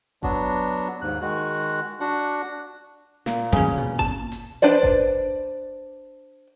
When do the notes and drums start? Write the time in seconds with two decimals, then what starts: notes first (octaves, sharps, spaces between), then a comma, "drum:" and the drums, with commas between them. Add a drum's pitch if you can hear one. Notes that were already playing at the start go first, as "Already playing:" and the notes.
0.23 F#3 B3 D4 F#4, drum: kick G1
1.02 D#2 G#2 F#6
1.21 D#3 G#3 F#4 F#6
2.00 D4 F#4 F#5
3.26 A#2, drum: snare
3.52 E2 C#3 F#3 C#4
3.77 B2
3.99 A5, drum: kick G1
4.32 drum: hi-hat
4.62 D4 B4 C5 D5, drum: hi-hat
4.83 drum: kick G1